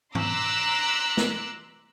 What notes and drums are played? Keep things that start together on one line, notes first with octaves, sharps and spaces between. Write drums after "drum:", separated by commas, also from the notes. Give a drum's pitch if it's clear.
A#5 C6 D6 E6 F#6 B6, drum: tom G#2
drum: snare